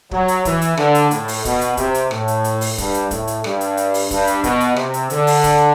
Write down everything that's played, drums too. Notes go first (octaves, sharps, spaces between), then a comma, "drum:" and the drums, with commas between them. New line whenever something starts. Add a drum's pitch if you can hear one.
F#3, drum: kick
drum: hi-hat
E3, drum: kick, hi-hat
drum: hi-hat
D3, drum: rim click
drum: hi-hat
A2, drum: hi-hat
drum: open hi-hat
B2, drum: kick, hi-hat
drum: hi-hat
C3, drum: kick, hi-hat
drum: hi-hat
A2, drum: rim click
drum: hi-hat
drum: hi-hat
drum: open hi-hat
G2, drum: kick, hi-hat
drum: hi-hat
A2, drum: kick, hi-hat
drum: hi-hat
G2, drum: rim click
drum: hi-hat
drum: hi-hat
drum: open hi-hat
G2, drum: kick, hi-hat
drum: hi-hat
B2, drum: kick, hi-hat
drum: hi-hat
C3, drum: rim click
drum: hi-hat
D3, drum: hi-hat
drum: open hi-hat
drum: kick, hi-hat